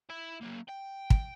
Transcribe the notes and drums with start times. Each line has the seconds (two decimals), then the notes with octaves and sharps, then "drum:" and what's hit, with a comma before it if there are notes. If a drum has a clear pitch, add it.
0.09 E4 E5
0.42 F#3 A#3
0.69 G5
1.10 drum: kick